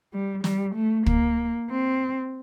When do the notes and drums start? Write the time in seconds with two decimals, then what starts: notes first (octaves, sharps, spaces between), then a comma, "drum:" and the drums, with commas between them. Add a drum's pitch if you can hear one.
0.13 G3
0.44 G3, drum: snare
0.76 A3
1.06 A#3, drum: kick
1.70 C4